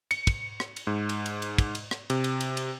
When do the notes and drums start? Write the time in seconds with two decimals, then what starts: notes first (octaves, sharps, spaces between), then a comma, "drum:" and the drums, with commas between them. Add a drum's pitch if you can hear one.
0.11 C#7, drum: cymbal
0.27 drum: kick, cymbal
0.60 drum: rim click
0.76 drum: cymbal
0.87 G#2
1.09 drum: cymbal
1.26 drum: cymbal
1.42 drum: cymbal
1.58 drum: kick, cymbal
1.75 drum: cymbal
1.91 drum: rim click
2.10 C3, drum: cymbal
2.24 drum: cymbal
2.41 drum: cymbal
2.57 drum: cymbal